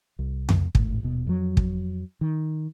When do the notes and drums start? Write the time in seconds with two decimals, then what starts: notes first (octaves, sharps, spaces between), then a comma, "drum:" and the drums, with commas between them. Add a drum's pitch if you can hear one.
0.19 C2
0.49 drum: tom F2
0.75 D#1 G#1 A2, drum: kick
1.03 D#1 B2
1.27 F2 F#3
1.57 drum: kick
2.21 D#3